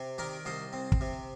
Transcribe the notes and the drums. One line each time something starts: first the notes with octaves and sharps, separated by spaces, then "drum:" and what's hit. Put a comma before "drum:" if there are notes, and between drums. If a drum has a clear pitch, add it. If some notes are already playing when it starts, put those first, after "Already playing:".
Already playing: C3
D#3 A#4 D5
C2 C5 D#5
C4
drum: kick
C3